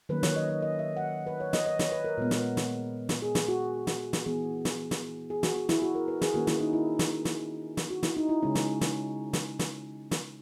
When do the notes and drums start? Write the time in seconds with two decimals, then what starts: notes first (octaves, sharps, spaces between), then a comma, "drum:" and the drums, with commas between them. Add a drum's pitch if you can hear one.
0.09 D#3 F#3 A#3 C#4 B4
0.23 C#5, drum: snare
0.36 D#5
0.49 D#5
0.62 D#5
0.79 E5
0.97 F#5
1.27 B4
1.40 C#5
1.53 D#5, drum: snare
1.66 D#5
1.79 C#5, drum: snare
1.92 B4
2.04 A#4
2.18 A#2 G#3 B3
2.31 drum: snare
2.57 drum: snare
3.09 drum: snare
3.22 G#4
3.35 drum: snare
3.48 F#4
3.87 drum: snare
4.13 drum: snare
4.26 E3 B3 G#4
4.65 drum: snare
4.91 drum: snare
5.30 G#4
5.43 F#4, drum: snare
5.56 F#4
5.69 E4, drum: snare
5.82 F#4
5.95 A#4
6.08 B4
6.21 G#4, drum: snare
6.34 D#3 A#3 C#4 F#4
6.47 E4, drum: snare
6.60 D#4
6.73 E4
6.99 drum: snare
7.25 drum: snare
7.77 drum: snare
7.90 F#4
8.03 E4, drum: snare
8.17 D#4
8.29 E4
8.43 C#3 G#3 C#4
8.55 drum: snare
8.81 drum: snare
9.33 drum: snare
9.59 drum: snare
10.11 drum: snare